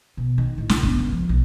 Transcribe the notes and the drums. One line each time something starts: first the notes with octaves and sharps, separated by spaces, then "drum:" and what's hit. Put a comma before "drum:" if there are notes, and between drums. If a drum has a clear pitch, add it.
B2
D#3
A2
C#3, drum: snare
B3, drum: kick
C#2
F3
B1